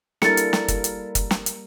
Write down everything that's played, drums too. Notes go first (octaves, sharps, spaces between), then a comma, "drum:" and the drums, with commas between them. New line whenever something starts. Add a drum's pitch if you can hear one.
G3 A#3 D4 E4 A4 A#4 A6 C#7, drum: snare
drum: hi-hat
drum: snare
drum: kick, hi-hat
drum: hi-hat
drum: kick, hi-hat
drum: snare
drum: hi-hat